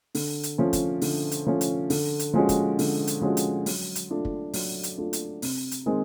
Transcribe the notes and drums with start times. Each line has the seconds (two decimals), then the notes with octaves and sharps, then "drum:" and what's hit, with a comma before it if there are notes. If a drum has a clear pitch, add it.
0.15 D3, drum: open hi-hat
0.43 drum: hi-hat
0.58 F3 A3 C#4
0.73 drum: kick, hi-hat
1.01 D3, drum: open hi-hat
1.31 drum: hi-hat
1.47 F3 A3 C#4
1.61 drum: hi-hat
1.90 D3, drum: open hi-hat
2.19 drum: hi-hat
2.34 F3 G#3 C#4 F#4
2.49 drum: kick, hi-hat
2.79 D3, drum: open hi-hat
3.07 drum: hi-hat
3.21 F3 G#3 C#4 F#4
3.37 drum: hi-hat
3.66 F#3, drum: open hi-hat
3.95 drum: hi-hat
4.10 A3 D4 F4
4.25 drum: kick
4.53 F#3, drum: open hi-hat
4.83 drum: hi-hat
4.98 A3 D4 F4
5.13 drum: hi-hat
5.42 C3, drum: open hi-hat
5.71 drum: hi-hat
5.86 D#3 G#3 C4